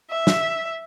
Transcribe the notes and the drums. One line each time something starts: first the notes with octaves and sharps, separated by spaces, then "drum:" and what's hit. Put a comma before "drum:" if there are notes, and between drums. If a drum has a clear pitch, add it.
E5
drum: snare